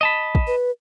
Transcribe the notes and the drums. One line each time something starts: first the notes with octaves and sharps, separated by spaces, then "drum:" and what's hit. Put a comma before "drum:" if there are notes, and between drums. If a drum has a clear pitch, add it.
D#5 A5 B5
drum: kick
B4